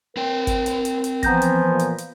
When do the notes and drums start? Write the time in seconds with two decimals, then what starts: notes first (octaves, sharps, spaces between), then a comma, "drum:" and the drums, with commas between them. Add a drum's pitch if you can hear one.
0.17 C4 A#4 B4 G5
0.47 drum: kick G#1, hi-hat
0.66 drum: hi-hat
0.85 drum: hi-hat
1.04 drum: hi-hat
1.23 E3 F3 B3 A#5 G6 A#6, drum: kick G#1, hi-hat
1.42 drum: hi-hat
1.69 A#2
1.79 drum: hi-hat
1.98 drum: hi-hat